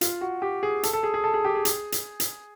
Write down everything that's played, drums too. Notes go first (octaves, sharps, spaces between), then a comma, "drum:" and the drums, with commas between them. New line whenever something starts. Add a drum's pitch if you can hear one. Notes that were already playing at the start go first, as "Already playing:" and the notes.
F4, drum: hi-hat
F#4
G4
G#4
A4, drum: hi-hat
A4
G#4
G#4
A4
G#4
G4
G#4
drum: hi-hat
drum: hi-hat
drum: hi-hat